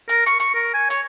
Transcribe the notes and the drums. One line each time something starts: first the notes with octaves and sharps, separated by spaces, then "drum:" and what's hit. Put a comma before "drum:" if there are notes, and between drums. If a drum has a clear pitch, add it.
A#4, drum: hi-hat
C#6, drum: hi-hat
C#6, drum: hi-hat
A#4
G#5
C#5, drum: hi-hat